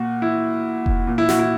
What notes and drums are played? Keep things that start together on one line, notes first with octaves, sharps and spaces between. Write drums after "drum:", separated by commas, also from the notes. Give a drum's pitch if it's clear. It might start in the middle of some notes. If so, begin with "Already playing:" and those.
Already playing: A#2 F#4
E4
drum: kick F1
A#2
E4
F#4, drum: snare
E4